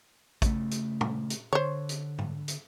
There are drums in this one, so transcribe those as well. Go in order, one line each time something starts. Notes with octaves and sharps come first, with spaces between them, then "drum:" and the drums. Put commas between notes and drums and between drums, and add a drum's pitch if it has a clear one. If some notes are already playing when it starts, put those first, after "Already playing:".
C#3 A3, drum: kick, hi-hat
drum: hi-hat
drum: tom
drum: hi-hat
D3 C5 C#5
drum: hi-hat
drum: tom G#2
drum: hi-hat